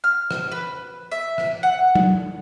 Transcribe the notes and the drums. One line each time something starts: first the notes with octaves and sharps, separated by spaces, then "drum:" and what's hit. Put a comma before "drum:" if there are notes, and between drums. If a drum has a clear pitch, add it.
F6
drum: rim click
B4
E5
drum: rim click
F#5
drum: tom F#3